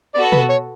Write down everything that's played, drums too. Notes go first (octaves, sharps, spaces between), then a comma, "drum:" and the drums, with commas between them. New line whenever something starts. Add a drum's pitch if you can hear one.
B3 F#4 A4 D5
B4, drum: tom B2
C#5